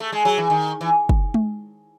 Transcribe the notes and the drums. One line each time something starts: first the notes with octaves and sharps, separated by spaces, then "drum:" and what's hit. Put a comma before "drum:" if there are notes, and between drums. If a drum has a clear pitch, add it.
A3
G#3
F#3
E3
D#3
E3
drum: kick
drum: tom G#3